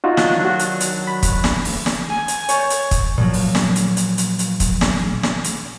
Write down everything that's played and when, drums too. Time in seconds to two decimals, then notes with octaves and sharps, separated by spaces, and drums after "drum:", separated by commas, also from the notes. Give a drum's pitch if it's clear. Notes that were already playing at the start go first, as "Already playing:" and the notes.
0.04 D#4 F4 F#4
0.17 D#3 F#3 D4, drum: snare
0.45 F#4
0.59 drum: hi-hat
0.80 drum: hi-hat
1.07 B5
1.23 drum: kick, hi-hat
1.44 drum: snare
1.65 drum: open hi-hat
1.86 drum: snare
2.10 G#5
2.28 drum: hi-hat
2.49 C#5, drum: hi-hat
2.70 drum: hi-hat
2.91 drum: kick, hi-hat
3.18 A#2 F3 F#3
3.33 drum: open hi-hat
3.55 drum: snare
3.76 drum: hi-hat
3.97 drum: hi-hat
4.18 drum: hi-hat
4.39 drum: hi-hat
4.60 drum: kick, hi-hat
4.81 drum: snare
5.23 drum: snare
5.44 drum: hi-hat